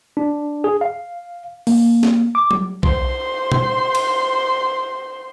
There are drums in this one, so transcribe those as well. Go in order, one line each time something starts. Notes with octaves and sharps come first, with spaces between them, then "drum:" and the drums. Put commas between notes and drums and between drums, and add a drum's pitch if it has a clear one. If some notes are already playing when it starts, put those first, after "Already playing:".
D4
G#4
F5
A#3, drum: open hi-hat
drum: snare
D6
drum: tom F#3
C5 C6, drum: kick B1
drum: tom B2
drum: cymbal